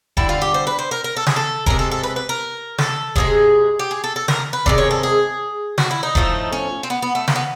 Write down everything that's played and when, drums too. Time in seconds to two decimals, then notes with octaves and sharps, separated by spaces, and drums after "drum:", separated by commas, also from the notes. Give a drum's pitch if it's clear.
0.17 D3 G3 E4, drum: kick E1
0.29 F4
0.42 G4
0.54 C5
0.67 B4
0.79 C5
0.91 A#4
1.04 A#4
1.17 A4
1.27 G#4, drum: snare
1.36 A4
1.66 C3 D#3 G#3 A#4, drum: kick E1
1.79 A4
1.91 A4
2.03 B4
2.16 B4
2.29 A#4
2.78 A4, drum: snare
3.16 C3 F3 G#3 G#4, drum: kick E1
3.79 G4
3.91 G#4
4.04 A4
4.16 A4
4.28 A#4, drum: snare
4.53 B4
4.66 C3 D#3 G#3 D5, drum: kick E1
4.78 C#5
4.91 A4
5.03 G#4
5.78 F#4, drum: snare
5.91 E4
6.03 D#4
6.15 A2 F3 A3, drum: kick E1
6.52 C#4
6.83 C4
6.90 B3
7.02 B3
7.15 A3
7.28 A#3, drum: snare
7.36 B3